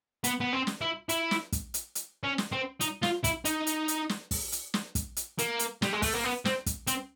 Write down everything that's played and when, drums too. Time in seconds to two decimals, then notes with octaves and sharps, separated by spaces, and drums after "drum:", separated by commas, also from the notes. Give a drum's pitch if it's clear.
0.24 B3, drum: hi-hat
0.41 B3
0.53 C4
0.67 drum: snare
0.81 E4
1.09 E4, drum: hi-hat
1.31 drum: snare
1.52 drum: kick, hi-hat
1.74 drum: hi-hat
1.95 drum: hi-hat
2.23 C#4
2.38 drum: snare
2.52 C4
2.81 D#4, drum: hi-hat
3.03 F4, drum: snare
3.24 E4, drum: kick, hi-hat
3.45 D#4, drum: hi-hat
3.67 drum: hi-hat
3.88 drum: hi-hat
4.09 drum: snare
4.31 drum: kick, open hi-hat
4.52 drum: hi-hat
4.74 drum: snare
4.95 drum: kick, hi-hat
5.16 drum: hi-hat
5.39 A#3, drum: hi-hat
5.59 drum: hi-hat
5.82 G3, drum: snare
5.93 G#3
6.02 A3, drum: kick, open hi-hat
6.13 A#3
6.24 B3
6.45 C4, drum: snare
6.66 drum: kick, hi-hat
6.87 C4, drum: hi-hat